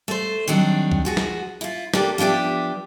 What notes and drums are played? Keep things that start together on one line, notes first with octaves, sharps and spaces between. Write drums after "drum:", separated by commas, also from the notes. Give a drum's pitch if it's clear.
A3 C5
D#3 F#3 G3 C4 D4
drum: kick C#2
F3 F#4 G#4
drum: snare
E4 F4
A#3 D4 F4 G4 A4, drum: snare
F3 B3 D4 G4 E5